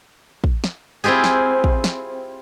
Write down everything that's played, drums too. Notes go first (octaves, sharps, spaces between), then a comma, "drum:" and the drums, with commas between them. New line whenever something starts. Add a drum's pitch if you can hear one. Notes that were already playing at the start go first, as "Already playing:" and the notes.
drum: kick
drum: snare
C4 E4 F4 G4 G#4
drum: snare
drum: kick
drum: snare